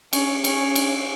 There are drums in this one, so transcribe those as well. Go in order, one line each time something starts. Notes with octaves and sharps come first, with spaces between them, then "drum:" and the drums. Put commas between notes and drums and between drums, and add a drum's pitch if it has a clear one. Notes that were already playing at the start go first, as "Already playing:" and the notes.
C#4, drum: cymbal
C#4, drum: cymbal
drum: cymbal